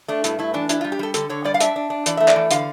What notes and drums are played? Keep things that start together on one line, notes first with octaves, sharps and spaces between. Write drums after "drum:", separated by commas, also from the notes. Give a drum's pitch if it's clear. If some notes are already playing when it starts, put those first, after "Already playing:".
A3 D4
G2 E4, drum: hi-hat
A3 E4
E3 D4
D4 E4, drum: hi-hat
F4
G3
G4
G3 A4
D3 A4, drum: hi-hat
D3 C#5
G3 D5
F5
D4 E5, drum: hi-hat
D4
D4
E3 D5, drum: hi-hat
A3 E5
D5, drum: clap
E3
D3 F5, drum: hi-hat